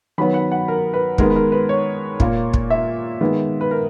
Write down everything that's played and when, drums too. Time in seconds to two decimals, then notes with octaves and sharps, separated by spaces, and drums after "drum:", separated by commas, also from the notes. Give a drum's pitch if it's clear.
0.18 D#3 F#3 B3 B5
0.34 F#5
0.52 F#5
0.68 A#4
0.94 B4
1.18 D#3 G#3 B3 A#4, drum: kick
1.30 B4
1.36 A#4
1.52 B4
1.69 C#5
2.20 A#2 A#3, drum: kick
2.54 drum: kick
2.70 E5
3.21 D#3 G#3 B3
3.61 B4
3.71 A#4